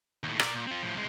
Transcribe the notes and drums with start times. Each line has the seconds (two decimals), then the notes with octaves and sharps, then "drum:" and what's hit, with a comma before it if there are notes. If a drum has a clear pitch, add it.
0.23 D#2 A2
0.39 A#4 D5, drum: rim click
0.54 A#2
0.67 C4 F4
0.83 A2 F3
0.95 C2 G#3